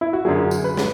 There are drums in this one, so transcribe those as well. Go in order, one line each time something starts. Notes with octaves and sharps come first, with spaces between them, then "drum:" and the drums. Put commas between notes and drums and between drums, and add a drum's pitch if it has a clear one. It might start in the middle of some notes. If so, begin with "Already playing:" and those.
E4
F#4
F#2 D3 F#3 G#4
drum: tambourine
B4
drum: snare